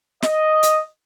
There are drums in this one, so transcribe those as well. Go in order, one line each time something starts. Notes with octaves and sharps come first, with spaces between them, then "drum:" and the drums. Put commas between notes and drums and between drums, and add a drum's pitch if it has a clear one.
D#5, drum: snare
drum: hi-hat